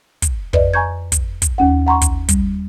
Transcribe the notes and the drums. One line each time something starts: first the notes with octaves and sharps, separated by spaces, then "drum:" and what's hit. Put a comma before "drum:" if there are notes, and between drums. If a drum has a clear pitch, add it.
drum: kick, hi-hat
F2 B4 D5 D#5, drum: kick
G#5 A#5 C#6 G6 G#6
drum: kick, hi-hat
drum: kick, hi-hat
D#2 C#4 F#5
F#5 A#5 C6 C#6
drum: kick, hi-hat
G3, drum: kick, hi-hat